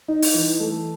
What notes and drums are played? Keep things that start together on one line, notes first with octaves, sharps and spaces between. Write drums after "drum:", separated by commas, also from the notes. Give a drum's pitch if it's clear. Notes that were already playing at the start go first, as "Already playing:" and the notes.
D#4
drum: open hi-hat
E3
A3